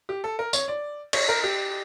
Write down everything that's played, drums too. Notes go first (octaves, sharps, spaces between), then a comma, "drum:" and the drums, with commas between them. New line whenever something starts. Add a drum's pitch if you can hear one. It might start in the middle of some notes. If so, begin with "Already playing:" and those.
G4
A4
A#4
C#5, drum: tambourine
D5
C#5, drum: cymbal
A#4
G4